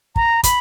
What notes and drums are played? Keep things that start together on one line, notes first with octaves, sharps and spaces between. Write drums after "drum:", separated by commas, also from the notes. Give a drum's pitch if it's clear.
A#5, drum: kick
B5, drum: kick, hi-hat